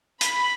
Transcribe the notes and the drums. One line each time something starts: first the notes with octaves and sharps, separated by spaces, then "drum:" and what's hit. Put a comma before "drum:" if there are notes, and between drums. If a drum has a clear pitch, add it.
B5, drum: hi-hat